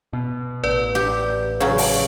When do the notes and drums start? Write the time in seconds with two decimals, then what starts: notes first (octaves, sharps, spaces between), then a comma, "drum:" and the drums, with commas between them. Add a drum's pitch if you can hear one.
0.13 B2
0.64 A1 B4 D5
0.95 G4
1.60 C#3 F#3
1.78 drum: open hi-hat